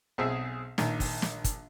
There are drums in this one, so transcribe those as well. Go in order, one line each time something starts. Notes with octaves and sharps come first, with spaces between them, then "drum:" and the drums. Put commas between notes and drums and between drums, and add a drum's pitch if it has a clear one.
B1 C4 G#4 E5
A#1 D#3, drum: snare
drum: kick, open hi-hat
drum: snare
drum: kick, hi-hat